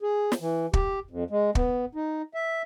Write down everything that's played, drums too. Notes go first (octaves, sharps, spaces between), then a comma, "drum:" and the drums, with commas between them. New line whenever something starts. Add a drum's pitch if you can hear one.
G#4
drum: snare
E3
G4, drum: kick
F2
G#3
B3, drum: kick
D#4
E5